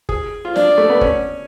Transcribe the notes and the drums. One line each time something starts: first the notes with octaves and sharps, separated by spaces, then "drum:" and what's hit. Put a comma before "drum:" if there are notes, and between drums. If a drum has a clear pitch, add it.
G#4, drum: kick F#1
F4
D4 D5, drum: snare
A3
B3
C#4, drum: kick F#1